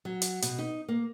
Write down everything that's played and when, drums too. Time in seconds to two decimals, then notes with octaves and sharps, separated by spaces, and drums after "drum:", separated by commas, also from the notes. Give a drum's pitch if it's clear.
0.05 F#3
0.22 drum: hi-hat
0.42 B2, drum: hi-hat
0.59 D#4
0.88 A#3